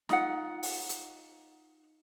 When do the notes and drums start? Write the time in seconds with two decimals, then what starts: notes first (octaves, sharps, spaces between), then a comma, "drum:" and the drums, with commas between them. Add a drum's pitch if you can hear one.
0.09 D#4 F4 F#5, drum: snare
0.63 drum: open hi-hat
0.89 drum: hi-hat